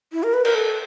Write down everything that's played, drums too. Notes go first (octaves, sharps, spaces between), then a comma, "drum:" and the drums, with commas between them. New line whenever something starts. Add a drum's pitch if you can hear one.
E4
A#4
B4
A#4, drum: cymbal
A4